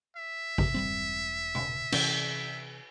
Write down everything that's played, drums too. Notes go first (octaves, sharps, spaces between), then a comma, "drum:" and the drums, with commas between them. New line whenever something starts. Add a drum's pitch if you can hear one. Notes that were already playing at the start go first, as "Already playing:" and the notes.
E5
drum: kick
E1 G3 C4
drum: tom B2
C3 E3 C#4, drum: cymbal